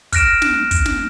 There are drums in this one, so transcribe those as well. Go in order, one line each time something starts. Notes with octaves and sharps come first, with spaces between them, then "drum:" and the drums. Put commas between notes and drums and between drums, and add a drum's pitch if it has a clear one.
F6 F#6 A#6 D7 E7, drum: kick, hi-hat
drum: snare
drum: kick, hi-hat
drum: snare